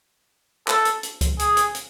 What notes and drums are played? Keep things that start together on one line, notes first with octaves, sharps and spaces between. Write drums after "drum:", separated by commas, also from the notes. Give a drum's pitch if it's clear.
A4, drum: clap
drum: hi-hat
drum: hi-hat
drum: kick C#2, hi-hat
G#4, drum: hi-hat
drum: hi-hat
drum: hi-hat